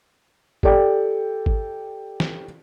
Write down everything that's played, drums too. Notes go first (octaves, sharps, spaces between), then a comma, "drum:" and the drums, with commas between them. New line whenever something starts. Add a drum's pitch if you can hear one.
G4 A4 D5 G5, drum: kick G#1
drum: kick G#1
drum: snare